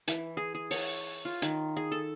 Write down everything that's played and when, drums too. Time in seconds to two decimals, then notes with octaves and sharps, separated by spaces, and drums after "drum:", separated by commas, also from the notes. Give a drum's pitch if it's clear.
0.08 E3, drum: hi-hat
0.37 G#4
0.55 G#4
0.71 C#5, drum: open hi-hat
1.25 F4
1.42 D#3, drum: hi-hat
1.77 G#4
1.92 A4